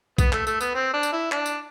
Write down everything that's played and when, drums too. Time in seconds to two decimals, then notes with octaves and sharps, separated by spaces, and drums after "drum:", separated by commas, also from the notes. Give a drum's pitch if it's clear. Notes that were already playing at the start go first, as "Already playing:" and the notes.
0.18 B3, drum: kick B1, tambourine
0.32 A3, drum: clap
0.47 A3, drum: tambourine
0.61 B3, drum: tambourine
0.75 C4
0.94 D4
1.03 drum: tambourine
1.13 E4
1.32 D4, drum: clap
1.46 drum: tambourine